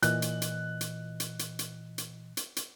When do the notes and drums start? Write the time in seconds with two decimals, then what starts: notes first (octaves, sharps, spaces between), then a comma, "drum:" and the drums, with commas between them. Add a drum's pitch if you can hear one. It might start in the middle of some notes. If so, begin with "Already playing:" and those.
0.03 A#2 E3 D#5 F#6, drum: hi-hat
0.22 drum: hi-hat
0.42 drum: hi-hat
0.81 drum: hi-hat
1.20 drum: hi-hat
1.39 drum: hi-hat
1.59 drum: hi-hat
1.98 drum: hi-hat
2.37 drum: hi-hat
2.56 drum: hi-hat